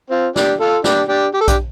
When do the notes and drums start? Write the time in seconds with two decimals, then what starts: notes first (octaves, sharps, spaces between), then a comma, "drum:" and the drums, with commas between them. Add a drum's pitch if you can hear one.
0.10 C4 F4
0.36 D4 G4, drum: snare
0.60 F4 A4
0.84 D4 G4, drum: snare
1.08 D4 G4
1.34 G4
1.41 A4
1.48 D4 G4, drum: kick A#1, hi-hat